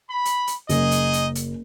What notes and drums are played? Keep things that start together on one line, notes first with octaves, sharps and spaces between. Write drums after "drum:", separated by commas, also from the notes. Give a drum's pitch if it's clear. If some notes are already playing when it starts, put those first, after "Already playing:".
B5
drum: hi-hat
drum: hi-hat
F#1 D#4 G#4 D#5, drum: hi-hat
drum: hi-hat
drum: hi-hat
drum: hi-hat